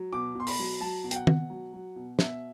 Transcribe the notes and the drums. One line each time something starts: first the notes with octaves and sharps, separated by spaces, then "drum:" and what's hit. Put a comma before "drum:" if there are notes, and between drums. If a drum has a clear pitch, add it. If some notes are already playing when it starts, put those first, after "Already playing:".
Already playing: F#3
B2 D6
B2 C6
B5, drum: open hi-hat
F#3
F#3 A5
B2
G5, drum: hi-hat
F#5
B2, drum: tom D#3
F#3
F#3
B2
B2 E5, drum: snare